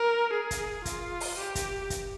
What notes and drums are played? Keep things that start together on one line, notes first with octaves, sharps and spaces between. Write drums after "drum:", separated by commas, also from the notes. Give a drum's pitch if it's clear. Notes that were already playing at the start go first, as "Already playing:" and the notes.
Already playing: A#4
G#4
drum: kick, hi-hat
F4, drum: kick, hi-hat
drum: open hi-hat
G4
drum: kick, hi-hat
drum: kick, hi-hat